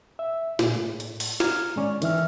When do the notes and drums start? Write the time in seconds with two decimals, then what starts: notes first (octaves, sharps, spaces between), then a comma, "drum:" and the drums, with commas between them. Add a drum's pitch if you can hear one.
0.19 E5
0.59 A#2 G#4, drum: snare
0.76 A2
1.00 drum: hi-hat
1.20 drum: open hi-hat
1.40 A#5 F6 G#6, drum: snare
1.76 G#2 D#3 G#3 C#4 C#5 D5
2.02 D#3 E3 E5 F6, drum: hi-hat